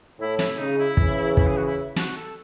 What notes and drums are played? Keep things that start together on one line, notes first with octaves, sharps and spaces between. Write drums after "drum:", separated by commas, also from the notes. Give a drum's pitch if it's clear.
A2 E4
E4, drum: snare
C#3 D#4
E4
C#3 E3, drum: kick
E4, drum: kick
G#4
F#4
E4
F#4, drum: snare
A4